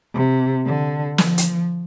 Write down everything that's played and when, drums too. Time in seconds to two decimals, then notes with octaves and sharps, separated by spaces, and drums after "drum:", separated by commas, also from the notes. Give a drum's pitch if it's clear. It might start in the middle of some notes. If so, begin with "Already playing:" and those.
0.14 C3
0.66 D3
1.18 F3, drum: snare
1.38 drum: hi-hat